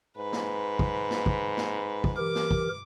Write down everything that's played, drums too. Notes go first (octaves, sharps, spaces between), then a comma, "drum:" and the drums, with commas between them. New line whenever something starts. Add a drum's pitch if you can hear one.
G#2 B4
drum: snare
drum: kick
drum: snare
drum: kick
drum: snare
drum: kick
E3 G4 A#4 D6
drum: snare
drum: kick